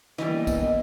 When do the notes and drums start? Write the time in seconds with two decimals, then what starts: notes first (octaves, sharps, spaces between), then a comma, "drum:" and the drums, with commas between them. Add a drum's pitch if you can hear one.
0.18 E3 G3 A#3 B3 D4 D#5, drum: snare
0.47 drum: kick, tambourine